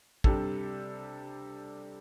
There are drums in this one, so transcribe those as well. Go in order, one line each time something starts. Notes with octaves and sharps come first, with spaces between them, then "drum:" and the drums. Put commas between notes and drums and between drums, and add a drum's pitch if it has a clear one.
C3 G3 D4 A4, drum: kick